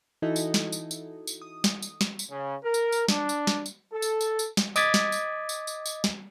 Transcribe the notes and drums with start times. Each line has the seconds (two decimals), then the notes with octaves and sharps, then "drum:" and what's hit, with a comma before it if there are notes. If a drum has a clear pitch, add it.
0.22 E3 D#4 E4 F#4 A4 D#5
0.36 drum: tambourine
0.54 drum: snare
0.72 drum: tambourine
0.91 drum: tambourine
1.27 drum: tambourine
1.42 D#6
1.64 drum: snare
1.82 drum: tambourine
2.01 drum: snare
2.19 drum: tambourine
2.30 C#3
2.63 A#4
2.74 drum: tambourine
2.92 drum: tambourine
3.08 D4, drum: snare
3.29 drum: tambourine
3.47 drum: snare
3.66 drum: tambourine
3.92 A4
4.02 drum: tambourine
4.21 drum: tambourine
4.39 drum: tambourine
4.57 drum: snare
4.76 D#5 D6 D#6 G#6 A6 B6, drum: tambourine
4.94 drum: snare
5.12 drum: tambourine
5.49 drum: tambourine
5.67 drum: tambourine
5.86 drum: tambourine
6.04 drum: snare